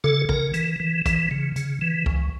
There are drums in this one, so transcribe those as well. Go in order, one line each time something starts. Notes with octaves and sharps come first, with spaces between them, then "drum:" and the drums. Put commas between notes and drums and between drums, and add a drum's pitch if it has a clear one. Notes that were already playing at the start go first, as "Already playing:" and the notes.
C#3 A4, drum: rim click
C#3 A#4, drum: kick A1
E3, drum: hi-hat
E3
E3, drum: kick A1, hi-hat
C#3
C#3, drum: hi-hat
E3
C#2, drum: kick A1